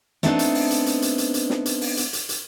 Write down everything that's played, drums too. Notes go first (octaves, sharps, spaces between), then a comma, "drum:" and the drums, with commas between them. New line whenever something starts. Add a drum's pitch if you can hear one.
A3 B3 C4 D4 D#4, drum: snare
drum: hi-hat
drum: open hi-hat
drum: hi-hat
drum: hi-hat
drum: hi-hat
drum: hi-hat
drum: hi-hat
drum: snare
drum: hi-hat
drum: open hi-hat
drum: hi-hat
drum: hi-hat
drum: hi-hat